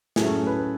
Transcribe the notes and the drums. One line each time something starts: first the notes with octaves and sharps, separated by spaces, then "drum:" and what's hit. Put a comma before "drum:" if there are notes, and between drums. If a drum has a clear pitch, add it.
A2 F#3 A3 C#4 G#4, drum: snare
B4